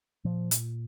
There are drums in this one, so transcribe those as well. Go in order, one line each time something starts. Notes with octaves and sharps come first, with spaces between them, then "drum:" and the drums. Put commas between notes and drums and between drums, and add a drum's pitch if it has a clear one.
A#2 F3
drum: hi-hat